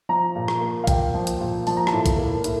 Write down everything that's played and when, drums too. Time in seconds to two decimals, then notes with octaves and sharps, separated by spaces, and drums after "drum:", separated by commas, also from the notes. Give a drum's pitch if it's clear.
0.09 F3 A#5
0.36 A#2
0.48 drum: rim click
0.61 A#3
0.84 F5
0.87 A#2 G5, drum: kick, hi-hat
1.14 F3
1.27 drum: hi-hat
1.40 A#2
1.67 F3 A5, drum: open hi-hat
1.77 A#5
1.87 A5, drum: rim click
1.93 A2
2.06 drum: kick, hi-hat
2.18 A#3
2.44 A2, drum: hi-hat